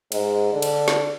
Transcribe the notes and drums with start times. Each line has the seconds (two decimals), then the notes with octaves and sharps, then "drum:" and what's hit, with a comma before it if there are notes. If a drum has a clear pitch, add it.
0.12 G#2, drum: cymbal
0.53 D3
0.62 drum: cymbal
0.88 drum: snare